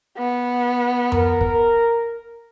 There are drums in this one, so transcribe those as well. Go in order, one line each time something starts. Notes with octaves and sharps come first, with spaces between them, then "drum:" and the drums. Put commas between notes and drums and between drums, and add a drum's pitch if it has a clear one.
B3
A#4, drum: tom F2
drum: kick